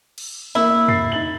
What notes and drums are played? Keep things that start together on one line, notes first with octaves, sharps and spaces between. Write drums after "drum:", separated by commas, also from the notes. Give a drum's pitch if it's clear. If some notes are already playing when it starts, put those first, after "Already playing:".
drum: cymbal
A#3 E4
A6 C7, drum: tom
D#4 A6 F#7